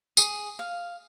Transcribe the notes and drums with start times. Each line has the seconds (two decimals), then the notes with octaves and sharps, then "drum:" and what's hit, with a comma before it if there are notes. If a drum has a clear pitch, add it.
0.17 G#4, drum: tambourine
0.59 F5